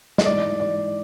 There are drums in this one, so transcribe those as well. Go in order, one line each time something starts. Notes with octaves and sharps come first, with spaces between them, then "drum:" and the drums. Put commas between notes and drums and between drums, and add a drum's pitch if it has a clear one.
D#5, drum: snare
G#2 E3 D5
D5